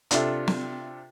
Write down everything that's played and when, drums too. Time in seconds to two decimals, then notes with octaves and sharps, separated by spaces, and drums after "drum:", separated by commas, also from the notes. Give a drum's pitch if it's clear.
0.11 C3 D4 F4 A4 E5, drum: hi-hat
0.48 drum: snare